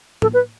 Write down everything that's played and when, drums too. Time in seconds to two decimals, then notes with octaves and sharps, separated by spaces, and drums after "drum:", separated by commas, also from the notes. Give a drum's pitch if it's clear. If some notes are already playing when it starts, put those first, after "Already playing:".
0.22 A4, drum: tom
0.34 B4